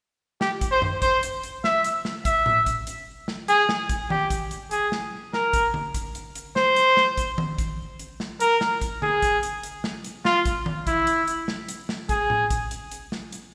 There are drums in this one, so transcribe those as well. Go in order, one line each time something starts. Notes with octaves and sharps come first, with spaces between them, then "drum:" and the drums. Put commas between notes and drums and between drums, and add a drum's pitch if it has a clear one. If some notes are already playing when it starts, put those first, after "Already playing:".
G4, drum: snare
drum: kick A1, hi-hat
C5
drum: tom F#2
C5, drum: kick A1, hi-hat
drum: hi-hat
drum: hi-hat
E5, drum: snare
drum: hi-hat
drum: snare
E5, drum: kick A1, hi-hat
drum: tom A2
drum: kick A1, hi-hat
drum: hi-hat
drum: snare
G#4, drum: hi-hat
drum: snare
drum: kick A1, hi-hat
G4, drum: tom D#3
drum: kick A1, hi-hat
drum: hi-hat
G#4, drum: hi-hat
drum: snare
A#4, drum: snare
drum: kick A1, hi-hat
drum: tom D3
drum: kick A1, hi-hat
drum: hi-hat
drum: hi-hat
C5, drum: snare
drum: hi-hat
drum: snare
drum: kick A1, hi-hat
drum: tom D#3
drum: kick A1, hi-hat
drum: hi-hat
drum: snare
A#4, drum: hi-hat
drum: snare
drum: kick A1, hi-hat
G#4, drum: tom D3
drum: kick A1, hi-hat
drum: hi-hat
drum: hi-hat
drum: snare
drum: hi-hat
F4, drum: snare
drum: kick A1, hi-hat
drum: tom D#3
E4, drum: kick A1, hi-hat
drum: hi-hat
drum: hi-hat
drum: snare
drum: hi-hat
drum: snare
G#4, drum: kick A1, hi-hat
drum: tom A2
drum: kick A1, hi-hat
drum: hi-hat
drum: hi-hat
drum: snare
drum: hi-hat